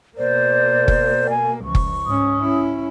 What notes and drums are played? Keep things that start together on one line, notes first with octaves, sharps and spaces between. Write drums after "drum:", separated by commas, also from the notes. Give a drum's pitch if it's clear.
B2 A#3 C5 D5
drum: kick F#1
G#5
C#2 F3 C#6
drum: kick F#1
G#2 C#4 D#6
C#4 E4